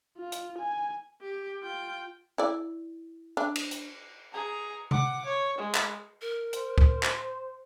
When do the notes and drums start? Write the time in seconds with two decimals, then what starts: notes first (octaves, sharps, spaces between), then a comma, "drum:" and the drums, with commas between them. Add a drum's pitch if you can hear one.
0.18 F4
0.32 drum: hi-hat
0.58 G#5
1.22 G4
1.63 F4 G5
2.38 E4 D5
3.37 D4
3.56 drum: cymbal
3.71 drum: hi-hat
4.33 G#4 A#5
4.91 F#5 D6, drum: tom C3
5.25 C#5
5.58 G#3
5.75 drum: clap
6.21 A#4
6.53 C5, drum: hi-hat
6.78 drum: kick
7.03 drum: clap